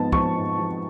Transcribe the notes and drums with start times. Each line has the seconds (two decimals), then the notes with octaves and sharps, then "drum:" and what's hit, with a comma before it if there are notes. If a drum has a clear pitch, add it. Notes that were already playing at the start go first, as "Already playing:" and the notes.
Already playing: G#2 F3 B3 A5
0.12 F3 C#6, drum: kick
0.36 G#2
0.59 F3